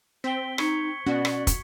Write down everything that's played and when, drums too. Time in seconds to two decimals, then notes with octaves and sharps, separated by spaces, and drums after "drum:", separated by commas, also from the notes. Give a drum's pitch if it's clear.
0.24 C4 G5 B6 G7
0.58 D#4 C#6 G#6 C#7, drum: rim click
1.06 B2 C#4 F#4 D5
1.25 drum: rim click
1.47 drum: kick, hi-hat